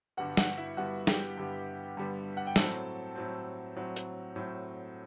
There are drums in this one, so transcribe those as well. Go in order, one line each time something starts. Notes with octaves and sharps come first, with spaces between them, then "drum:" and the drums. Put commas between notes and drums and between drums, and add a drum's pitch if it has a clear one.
G2 D3 G3 B3 F#4 F#5
F#4 F#5, drum: snare
E4 E5
G2 D3 G3 B3 F#4 F#5
G4 G5, drum: snare
G2 D3 G3 B3
G2 D3 G3 B3
F#5
G5
A2 F#3 C4 A4 A5, drum: snare
A2 F#3 C4
A2 F#3 C4
drum: hi-hat
A2 F#3 C4